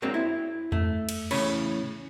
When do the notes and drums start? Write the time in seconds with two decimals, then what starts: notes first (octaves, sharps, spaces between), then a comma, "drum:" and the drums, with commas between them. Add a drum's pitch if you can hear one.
0.02 F#2 F#3 G#3 A#3 C4 D4
0.14 E4
0.72 A3, drum: tom E2
1.09 drum: cymbal
1.31 E2 A2 C#3 C#5 B5, drum: cymbal